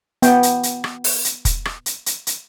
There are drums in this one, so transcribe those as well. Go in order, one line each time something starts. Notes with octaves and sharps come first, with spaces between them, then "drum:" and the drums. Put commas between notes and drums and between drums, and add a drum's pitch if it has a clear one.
B3 G5, drum: hi-hat
drum: hi-hat
drum: hi-hat
drum: rim click
drum: open hi-hat
drum: hi-hat
drum: kick, hi-hat
drum: rim click
drum: hi-hat
drum: hi-hat
drum: hi-hat